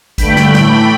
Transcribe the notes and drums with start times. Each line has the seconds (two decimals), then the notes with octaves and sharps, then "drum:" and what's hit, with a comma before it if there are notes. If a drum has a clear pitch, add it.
0.18 G2 D3 A3 G5 B5, drum: kick A#1, hi-hat
0.36 drum: snare
0.53 A2 E3 A3, drum: snare